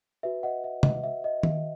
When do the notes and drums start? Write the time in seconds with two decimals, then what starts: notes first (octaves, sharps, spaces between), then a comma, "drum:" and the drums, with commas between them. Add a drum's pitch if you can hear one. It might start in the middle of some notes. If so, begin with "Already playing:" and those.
0.23 F#4 B4 E5
0.43 D#5 F#5
0.64 E5
0.83 D#5, drum: tom C3
1.04 E5
1.24 D#5
1.43 E5, drum: tom D#3